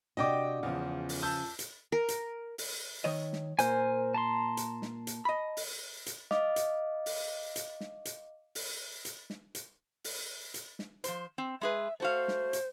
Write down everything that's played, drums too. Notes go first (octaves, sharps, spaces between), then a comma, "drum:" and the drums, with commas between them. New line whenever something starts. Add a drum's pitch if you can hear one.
C3 D4 F#4 D#5 G5 D6
E2 C#3 F3
drum: open hi-hat
A5 E6 G6
drum: hi-hat
A#4
drum: hi-hat
drum: open hi-hat
D#3 C#5 D#5
drum: snare
A#2 A#4 C5 G#5, drum: hi-hat
A5 A#5 C6
drum: hi-hat
drum: snare
drum: hi-hat
D#5 B5
drum: open hi-hat
drum: hi-hat
D#5 F5 D6, drum: snare
drum: hi-hat
drum: open hi-hat
drum: hi-hat
drum: snare
drum: hi-hat
drum: open hi-hat
drum: hi-hat
drum: snare
drum: hi-hat
drum: open hi-hat
drum: hi-hat
drum: snare
F3 C5, drum: hi-hat
C4
G#3 G#4 B4 E5
A3 F#4 C5 F5
drum: snare
drum: hi-hat